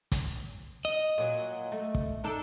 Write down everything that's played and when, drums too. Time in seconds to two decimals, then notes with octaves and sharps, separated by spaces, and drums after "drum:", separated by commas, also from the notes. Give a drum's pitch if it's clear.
0.12 drum: kick, hi-hat
0.85 D#5
1.18 A#2 F#3
1.72 A3
1.95 drum: kick
2.24 D4 D#4 A4